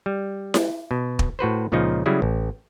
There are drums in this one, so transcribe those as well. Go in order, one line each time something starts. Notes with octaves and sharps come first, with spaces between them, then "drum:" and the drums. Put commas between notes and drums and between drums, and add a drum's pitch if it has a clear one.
G3
drum: snare E4
B2
drum: kick
A2 F#4 B4 C5
C#2 A#2 C#3 F3 D#4
C#3 F#3 G3 C#4 E4 G#4
A1